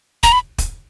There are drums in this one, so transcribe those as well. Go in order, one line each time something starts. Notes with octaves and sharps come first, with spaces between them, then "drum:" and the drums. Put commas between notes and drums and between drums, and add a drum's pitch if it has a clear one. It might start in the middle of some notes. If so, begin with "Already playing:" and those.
A#5, drum: kick, hi-hat
B5
drum: kick, hi-hat